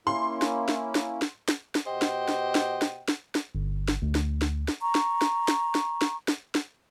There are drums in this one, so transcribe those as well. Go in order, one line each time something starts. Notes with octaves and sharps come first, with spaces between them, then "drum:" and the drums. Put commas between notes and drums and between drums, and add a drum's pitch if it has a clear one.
A#3 C#4 E4 C6
drum: snare
drum: snare
drum: snare
drum: snare
drum: snare
drum: snare
B2 G4 C5 D#5 F#5 G5
drum: snare
drum: snare
drum: snare
drum: snare
drum: snare
drum: snare
G1
drum: snare
D2
drum: snare
drum: snare
drum: snare
A#5 C#6
drum: snare
drum: snare
drum: snare
drum: snare
drum: snare
drum: snare
drum: snare